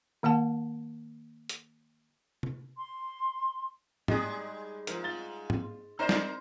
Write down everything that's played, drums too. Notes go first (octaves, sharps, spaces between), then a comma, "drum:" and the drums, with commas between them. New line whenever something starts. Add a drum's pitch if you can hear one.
D#3 A#3 F#5 A5
drum: hi-hat
drum: tom C3
C6
G3 G#3 D#4 G#4, drum: tom G#2
G#2 F3 A#4, drum: hi-hat
F4 A6 G7
drum: tom G#2
C4 D#4 A#4 C5 D5 A#5
drum: snare